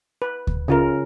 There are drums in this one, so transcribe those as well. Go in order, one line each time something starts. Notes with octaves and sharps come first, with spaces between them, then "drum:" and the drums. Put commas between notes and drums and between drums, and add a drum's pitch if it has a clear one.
B4
drum: kick D2
C#3 F4 A#4